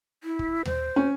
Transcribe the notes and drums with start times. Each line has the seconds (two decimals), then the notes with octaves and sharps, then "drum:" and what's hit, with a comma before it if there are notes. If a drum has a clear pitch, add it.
0.24 E4
0.39 drum: kick
0.65 C5, drum: tom D#2
0.96 C#4